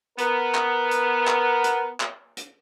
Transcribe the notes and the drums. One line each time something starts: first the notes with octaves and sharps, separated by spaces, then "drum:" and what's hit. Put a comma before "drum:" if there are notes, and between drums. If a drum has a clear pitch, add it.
B3 A#4, drum: hi-hat
drum: clap
drum: hi-hat
drum: clap
drum: hi-hat
drum: clap
drum: hi-hat